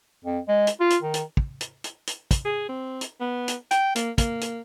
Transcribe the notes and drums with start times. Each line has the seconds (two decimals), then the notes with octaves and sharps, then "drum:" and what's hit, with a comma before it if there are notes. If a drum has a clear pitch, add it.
0.25 F2
0.48 G#3
0.67 drum: hi-hat
0.80 F4
0.90 drum: hi-hat
1.02 D#3
1.14 drum: hi-hat
1.37 drum: kick
1.61 drum: hi-hat
1.84 drum: hi-hat
2.07 drum: hi-hat
2.31 drum: kick, hi-hat
2.45 G#4
2.69 C4
3.01 drum: hi-hat
3.21 B3
3.48 drum: hi-hat
3.71 G5, drum: hi-hat
3.95 A#3, drum: hi-hat
4.18 A#3, drum: kick, hi-hat
4.41 drum: hi-hat